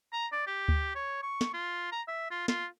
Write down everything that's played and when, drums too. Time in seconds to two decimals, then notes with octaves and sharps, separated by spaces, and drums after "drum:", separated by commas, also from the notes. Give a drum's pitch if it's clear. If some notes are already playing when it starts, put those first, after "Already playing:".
0.13 A#5
0.32 D5
0.47 G4
0.68 drum: kick D2
0.95 C#5
1.23 C#6
1.41 drum: snare
1.54 F4
1.92 A#5
2.08 E5
2.31 F4
2.48 F4, drum: snare